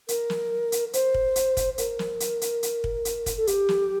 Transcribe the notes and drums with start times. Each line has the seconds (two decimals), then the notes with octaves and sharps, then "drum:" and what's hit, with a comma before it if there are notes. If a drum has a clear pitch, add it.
0.09 A#4, drum: hi-hat
0.30 drum: snare
0.72 drum: hi-hat
0.93 C5, drum: hi-hat
1.14 drum: kick
1.36 drum: hi-hat
1.57 drum: kick, hi-hat
1.78 A#4, drum: hi-hat
1.99 drum: snare
2.20 drum: hi-hat
2.41 drum: hi-hat
2.63 drum: hi-hat
2.84 drum: kick
3.05 drum: hi-hat
3.26 drum: kick, hi-hat
3.37 A4
3.47 G4, drum: hi-hat
3.69 drum: snare